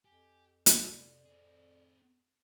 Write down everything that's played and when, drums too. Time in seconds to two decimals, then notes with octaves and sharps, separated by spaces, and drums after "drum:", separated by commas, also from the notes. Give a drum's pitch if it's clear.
0.05 F2 G4 G#5
0.66 C2 D5, drum: hi-hat
1.25 C4 G#4